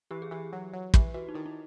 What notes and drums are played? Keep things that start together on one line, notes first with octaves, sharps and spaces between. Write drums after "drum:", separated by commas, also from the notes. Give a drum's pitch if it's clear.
E3 G4
G#4
E3 G4
F#3
F#3
E3 G4, drum: kick
E3 F#4
D#4
D#3 E4
D#4